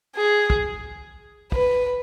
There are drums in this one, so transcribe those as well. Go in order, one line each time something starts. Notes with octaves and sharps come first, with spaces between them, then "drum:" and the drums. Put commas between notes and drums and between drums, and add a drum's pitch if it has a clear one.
G#4
drum: kick
B4, drum: kick